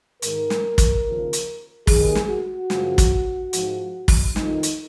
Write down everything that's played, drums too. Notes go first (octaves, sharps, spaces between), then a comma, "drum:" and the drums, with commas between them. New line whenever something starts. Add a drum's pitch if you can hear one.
G#2 D#3 A#4, drum: hi-hat
drum: snare
drum: kick, hi-hat
D#2 C#3 F3
drum: hi-hat
D#2 D#3 G#4, drum: kick, open hi-hat
drum: snare
F#4
F#2 C#3 F3, drum: snare
drum: kick, hi-hat
G#2 F3, drum: hi-hat
drum: kick, open hi-hat
F2 D#3 D#4, drum: snare
drum: hi-hat